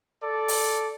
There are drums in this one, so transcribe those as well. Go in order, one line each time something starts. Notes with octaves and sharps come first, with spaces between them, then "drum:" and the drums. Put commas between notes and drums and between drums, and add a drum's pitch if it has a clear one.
A4 D5
drum: open hi-hat